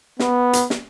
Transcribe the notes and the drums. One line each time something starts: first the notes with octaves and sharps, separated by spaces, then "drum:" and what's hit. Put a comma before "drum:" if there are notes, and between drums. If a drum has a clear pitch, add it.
B3, drum: snare
drum: hi-hat
drum: snare